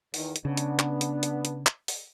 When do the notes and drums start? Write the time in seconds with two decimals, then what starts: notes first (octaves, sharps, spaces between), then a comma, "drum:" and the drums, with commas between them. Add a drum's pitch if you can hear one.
0.14 E2 D#3, drum: open hi-hat
0.36 drum: hi-hat
0.45 C#3 B3 D4
0.57 drum: hi-hat
0.79 drum: clap
1.01 drum: hi-hat
1.23 drum: hi-hat
1.45 drum: hi-hat
1.66 drum: clap
1.88 drum: open hi-hat